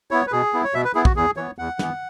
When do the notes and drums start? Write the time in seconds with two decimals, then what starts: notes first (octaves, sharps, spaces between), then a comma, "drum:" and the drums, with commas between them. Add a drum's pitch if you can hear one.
0.11 B3 E4 C#5
0.27 B4
0.32 B2 G#4
0.53 B3 E4
0.64 C#5
0.74 B2 E5
0.85 B4
0.95 B3 E4 G#4
1.05 F#4, drum: kick
1.16 E2 G#4
1.37 E3 B3 C#5
1.59 E2 F#5
1.79 E3 B3, drum: snare